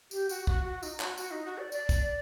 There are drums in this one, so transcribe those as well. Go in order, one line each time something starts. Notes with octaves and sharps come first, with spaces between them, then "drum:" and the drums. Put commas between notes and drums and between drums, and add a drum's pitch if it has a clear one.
G4, drum: tambourine
F#4, drum: tambourine
F#4, drum: kick
F#4
D#4, drum: tambourine
F#4, drum: clap
F#4, drum: tambourine
D#4
F#4
D5
D5, drum: tambourine
drum: kick, tambourine